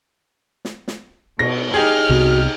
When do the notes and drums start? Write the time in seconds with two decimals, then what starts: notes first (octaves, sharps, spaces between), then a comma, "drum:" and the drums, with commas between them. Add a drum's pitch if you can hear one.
0.65 drum: snare
0.88 drum: snare
1.39 B2 A#6, drum: cymbal
1.74 D#4 G4 G#4 F6
2.09 C2 C3 B3 F#4